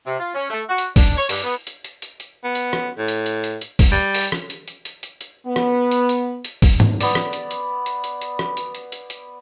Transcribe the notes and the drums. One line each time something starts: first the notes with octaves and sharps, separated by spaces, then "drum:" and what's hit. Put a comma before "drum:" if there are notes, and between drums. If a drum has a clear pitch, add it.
C3
F4
C#4
A3
F#4
drum: hi-hat
D4, drum: kick, open hi-hat
C#5
G2, drum: open hi-hat
B3
drum: hi-hat
drum: hi-hat
drum: hi-hat
drum: hi-hat
B3
drum: hi-hat
drum: rim click
A2
drum: hi-hat
drum: hi-hat
drum: hi-hat
drum: hi-hat
drum: kick, open hi-hat
G3
drum: open hi-hat
drum: rim click
drum: hi-hat
drum: hi-hat
drum: hi-hat
drum: hi-hat
drum: hi-hat
B3
drum: rim click
drum: hi-hat
drum: hi-hat
drum: hi-hat
drum: kick, open hi-hat
drum: tom
B3 D5, drum: open hi-hat
drum: rim click
drum: hi-hat
drum: hi-hat
drum: hi-hat
drum: hi-hat
drum: hi-hat
drum: rim click
drum: hi-hat
drum: hi-hat
drum: hi-hat
drum: hi-hat